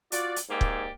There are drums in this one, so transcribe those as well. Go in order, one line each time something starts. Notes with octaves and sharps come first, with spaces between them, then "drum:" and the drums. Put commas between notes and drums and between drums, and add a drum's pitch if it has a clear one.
F4 F#4 D5, drum: hi-hat
drum: hi-hat
G#2 A#3 G4 D5
drum: kick